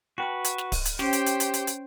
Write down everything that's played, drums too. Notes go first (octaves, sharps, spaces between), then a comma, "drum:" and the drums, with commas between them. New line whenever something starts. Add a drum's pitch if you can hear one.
F#4 B4 G5 A5
drum: hi-hat
drum: snare
drum: kick D1, open hi-hat
drum: hi-hat
C#4 G4 C5 C#5 G5, drum: snare
drum: hi-hat
drum: hi-hat
drum: hi-hat
drum: hi-hat
drum: hi-hat